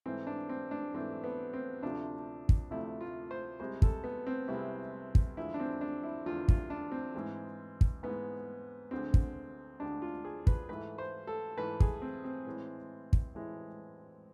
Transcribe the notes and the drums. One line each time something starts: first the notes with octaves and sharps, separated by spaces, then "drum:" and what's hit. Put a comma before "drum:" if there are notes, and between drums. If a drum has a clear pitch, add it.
G#2 E3 A3 C4
D4
C4
D4
G#2 E3 A3 C4
B3
C4
D2 C3 F3 A3 D4
drum: kick
D2 C3 F3 A3 E4
F4
C5
C2 C3 G#3 C5
A4, drum: kick
B3
C4
C2 C3 G#3 E4
drum: kick
E2 D3 F3 G#3 E4
D4
C4
D4
E4
E2 D3 F3 G#3 F4
F4, drum: kick
D4
C4
G#2 E3 G#3
drum: kick
G#2 E3 G#3 B3
D2 D3 G#3 C4
drum: kick
D2 D3 G#3 D4
F4
G#4
B4, drum: kick
G#2 E3 A3 B4
C5
A4
G#2 E3 A3 B4
G#4, drum: kick
C4
C4
A2 E3 G#3
drum: kick
A2 E3 G#3